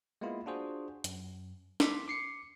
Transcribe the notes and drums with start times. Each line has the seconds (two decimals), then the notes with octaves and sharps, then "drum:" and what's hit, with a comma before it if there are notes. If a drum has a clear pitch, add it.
0.21 G#3 A#3 B3 E4 F4
0.46 D4 F4 F#4 G#4 C5
1.04 F#2, drum: hi-hat
1.80 C6 D6 B6, drum: snare
2.08 D6 C7 C#7